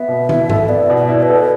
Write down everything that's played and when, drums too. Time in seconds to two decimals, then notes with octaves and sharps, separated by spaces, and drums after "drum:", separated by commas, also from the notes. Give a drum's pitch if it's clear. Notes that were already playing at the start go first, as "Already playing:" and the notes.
Already playing: B3 E5
0.08 B2
0.29 E4, drum: tom
0.50 A4, drum: tom G#2
0.68 B3 D5
0.90 B2
0.96 D5
1.09 E4
1.18 D5
1.22 B4
1.29 A4